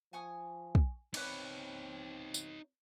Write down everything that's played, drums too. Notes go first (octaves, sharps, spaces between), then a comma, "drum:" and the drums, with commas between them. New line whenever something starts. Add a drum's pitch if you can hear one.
F3 G#5 C#6 D#6
drum: kick
C4 D#4 B4 C#5 D6, drum: cymbal
drum: tambourine